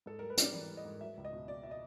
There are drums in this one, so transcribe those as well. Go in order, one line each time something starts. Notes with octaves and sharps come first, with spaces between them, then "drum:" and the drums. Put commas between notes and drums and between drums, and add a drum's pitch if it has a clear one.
G#2 A4
G3 A#4
B4
G3 D5, drum: hi-hat
E3 D5
G3
D#5
G#2
F#3 E5
C#2
D#5
B2
B2 D5
B2 E5
D#5